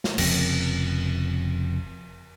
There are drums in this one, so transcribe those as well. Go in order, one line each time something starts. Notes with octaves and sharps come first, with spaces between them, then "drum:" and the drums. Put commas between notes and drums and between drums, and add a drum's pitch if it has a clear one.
drum: snare
F1 F2 C#3, drum: cymbal